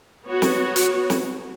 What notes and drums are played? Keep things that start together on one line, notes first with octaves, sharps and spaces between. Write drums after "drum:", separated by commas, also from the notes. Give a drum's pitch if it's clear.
B3 F#4 C#5
drum: snare
drum: hi-hat
drum: snare